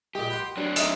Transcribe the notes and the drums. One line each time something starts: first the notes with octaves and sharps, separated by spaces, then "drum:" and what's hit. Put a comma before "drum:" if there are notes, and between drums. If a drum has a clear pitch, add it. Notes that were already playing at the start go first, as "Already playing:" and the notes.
A#2 G#3 G4
B4 F#5 C6
F#3 D4
D#4 E5, drum: hi-hat